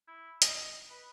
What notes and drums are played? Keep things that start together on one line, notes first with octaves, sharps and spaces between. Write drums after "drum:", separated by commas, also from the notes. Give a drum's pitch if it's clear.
E4
D#5, drum: hi-hat
B4